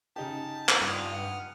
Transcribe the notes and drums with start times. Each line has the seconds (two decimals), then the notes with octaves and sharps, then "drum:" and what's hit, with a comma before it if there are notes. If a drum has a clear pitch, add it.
0.16 C#3 D#4 G4 A5
0.68 drum: clap
0.81 G2 F4 D#6 F6
1.14 F#5